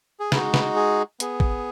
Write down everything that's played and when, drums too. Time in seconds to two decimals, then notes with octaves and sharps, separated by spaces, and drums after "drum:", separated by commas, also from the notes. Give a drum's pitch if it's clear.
0.20 G#4
0.32 G#3 D#4 F#4 B4, drum: snare
0.54 B4, drum: snare
0.76 G#4
1.20 B3 G#4, drum: hi-hat
1.40 drum: kick A1